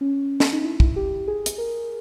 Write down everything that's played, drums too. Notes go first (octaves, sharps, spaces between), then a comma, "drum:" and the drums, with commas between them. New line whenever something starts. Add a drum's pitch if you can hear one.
C#4
C#4, drum: snare
D#4
E4
E4, drum: kick
G4
G#4
drum: hi-hat
A#4